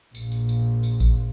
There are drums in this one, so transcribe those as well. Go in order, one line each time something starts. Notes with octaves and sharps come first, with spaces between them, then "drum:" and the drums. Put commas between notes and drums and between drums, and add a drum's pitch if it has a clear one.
A#1 A#2, drum: tambourine
drum: tambourine
drum: tambourine
drum: tambourine
drum: kick A1, tambourine